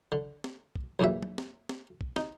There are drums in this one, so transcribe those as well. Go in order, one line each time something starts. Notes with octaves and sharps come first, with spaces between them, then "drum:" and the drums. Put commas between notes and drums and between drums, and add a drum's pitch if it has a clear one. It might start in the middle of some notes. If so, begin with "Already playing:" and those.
D3
drum: snare
drum: kick
B1 E2 G2 A#2 E5
drum: tom F#3
drum: snare
drum: snare
drum: kick
D#4, drum: snare